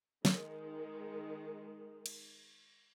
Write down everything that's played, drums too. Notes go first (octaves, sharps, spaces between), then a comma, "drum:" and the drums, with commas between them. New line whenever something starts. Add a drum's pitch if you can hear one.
D#3 G#3, drum: snare
drum: cymbal